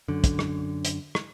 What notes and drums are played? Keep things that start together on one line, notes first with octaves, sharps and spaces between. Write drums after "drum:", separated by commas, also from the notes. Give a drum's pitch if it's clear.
F#2 D3
drum: kick, hi-hat
drum: rim click
drum: hi-hat
drum: rim click